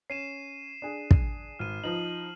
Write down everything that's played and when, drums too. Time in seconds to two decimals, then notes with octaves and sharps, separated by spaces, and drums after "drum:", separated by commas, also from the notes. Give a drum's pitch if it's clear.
0.10 C#4 C7 D#7 E7
0.82 D4 G#4
1.11 drum: kick
1.59 G#1 F6 D#7
1.84 F3 D#4 F#7